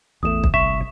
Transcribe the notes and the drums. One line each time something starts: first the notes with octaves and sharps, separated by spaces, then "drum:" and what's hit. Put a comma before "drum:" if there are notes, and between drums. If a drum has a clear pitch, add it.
A1 E2 G#3 A3 D#6 E7
drum: kick
G1 C2 E5 C#6